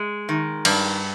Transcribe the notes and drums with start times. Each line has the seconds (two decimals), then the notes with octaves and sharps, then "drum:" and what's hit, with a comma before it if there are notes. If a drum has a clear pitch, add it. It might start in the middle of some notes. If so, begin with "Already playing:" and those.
Already playing: G#3
0.29 D#3
0.65 G2, drum: cymbal